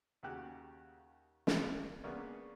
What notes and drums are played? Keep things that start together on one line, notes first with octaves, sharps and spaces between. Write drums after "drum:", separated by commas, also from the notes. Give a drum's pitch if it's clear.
D#2 C#3 F#4 G4 F#6
drum: snare
C#3 G#3 A#3 B3 C#4 D4